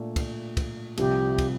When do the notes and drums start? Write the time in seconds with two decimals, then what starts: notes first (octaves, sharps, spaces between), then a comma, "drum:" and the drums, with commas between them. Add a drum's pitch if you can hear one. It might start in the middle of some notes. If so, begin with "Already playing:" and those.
Already playing: A#2 A3 D4
0.16 drum: kick, cymbal
0.57 drum: kick, cymbal
0.97 C2 C3 F3 G4, drum: cymbal
1.38 drum: kick, cymbal